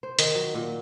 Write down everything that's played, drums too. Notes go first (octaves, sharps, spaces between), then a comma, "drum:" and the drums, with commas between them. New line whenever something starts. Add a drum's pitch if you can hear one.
C5
D#3, drum: hi-hat
F#3
A#2